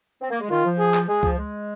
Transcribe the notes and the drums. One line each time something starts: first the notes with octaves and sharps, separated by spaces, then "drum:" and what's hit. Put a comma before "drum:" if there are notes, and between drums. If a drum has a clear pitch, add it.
C4
A#3
G#3
D#3 F4
F3
G#4
drum: clap
G#3 G#4
F3, drum: kick C#2
G#3